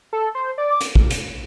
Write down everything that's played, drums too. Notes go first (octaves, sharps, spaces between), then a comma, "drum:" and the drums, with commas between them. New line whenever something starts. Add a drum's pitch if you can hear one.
A4
C5
D5
D6
drum: hi-hat
drum: kick
drum: hi-hat